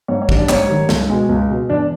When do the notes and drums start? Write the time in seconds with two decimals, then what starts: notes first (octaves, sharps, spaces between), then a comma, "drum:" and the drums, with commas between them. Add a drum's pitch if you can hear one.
0.08 G#2 C#5
0.22 C#5
0.29 D#3 G3, drum: kick
0.35 D4 D5
0.49 G#2 C#5, drum: clap
0.68 D#3 G3
0.89 C#2, drum: snare
1.10 B2 G#3
1.29 C#2
1.49 B2 G#3
1.69 E2 D4 D5